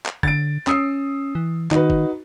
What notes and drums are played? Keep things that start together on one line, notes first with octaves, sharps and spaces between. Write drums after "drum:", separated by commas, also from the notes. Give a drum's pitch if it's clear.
drum: clap
D3 A6 D7, drum: kick
C#4 D#6 E6 C7, drum: clap
E3
D#3 D#4 F#4 B4, drum: clap
drum: kick